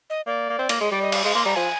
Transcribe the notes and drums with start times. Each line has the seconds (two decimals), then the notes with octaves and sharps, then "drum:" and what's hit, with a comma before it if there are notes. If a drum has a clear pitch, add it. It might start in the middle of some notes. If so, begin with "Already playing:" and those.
0.10 D#5
0.27 A#3 D5
0.50 A#3
0.59 C4
0.69 A#3, drum: cymbal
0.80 G#3
0.91 G3 D5
1.02 D#5
1.12 F5, drum: cymbal
1.24 G#3 F5
1.34 A#3 C6
1.45 G3 A#5
1.56 F3 G#5